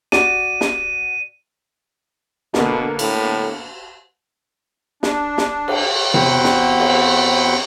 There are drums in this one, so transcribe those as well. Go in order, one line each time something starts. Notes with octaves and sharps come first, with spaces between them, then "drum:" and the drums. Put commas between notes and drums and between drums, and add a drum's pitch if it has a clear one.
F#4 D5 D#7, drum: snare
drum: snare
B2 D3 A#3 B3, drum: snare
A2, drum: cymbal
D4, drum: snare
drum: snare
drum: cymbal
E2 C4 F#4 F#5 G5 B5, drum: tom C3
drum: snare
drum: cymbal